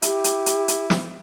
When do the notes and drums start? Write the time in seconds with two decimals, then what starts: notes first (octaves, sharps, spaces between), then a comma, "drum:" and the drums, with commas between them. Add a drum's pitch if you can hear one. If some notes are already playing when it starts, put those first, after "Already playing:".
0.02 E4 G4, drum: hi-hat
0.24 drum: hi-hat
0.46 drum: hi-hat
0.68 drum: hi-hat
0.90 drum: snare